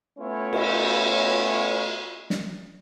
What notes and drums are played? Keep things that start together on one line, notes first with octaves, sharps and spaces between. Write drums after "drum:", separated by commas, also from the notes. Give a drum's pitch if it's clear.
A3 B3 C#4 E4 F4 C#5
drum: cymbal
drum: snare